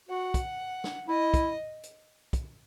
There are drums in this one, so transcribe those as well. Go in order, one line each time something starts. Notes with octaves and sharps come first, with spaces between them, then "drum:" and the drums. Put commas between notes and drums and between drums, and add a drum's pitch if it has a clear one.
F#4 F#5
drum: kick, hi-hat
drum: snare
E4 D#5
drum: kick, hi-hat
drum: hi-hat
drum: kick, hi-hat